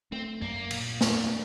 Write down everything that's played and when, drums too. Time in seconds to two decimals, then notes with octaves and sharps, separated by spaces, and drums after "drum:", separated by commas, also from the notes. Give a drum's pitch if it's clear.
0.12 A3 C4
0.42 F#2 A#3
0.71 A#2, drum: cymbal
1.01 D4, drum: snare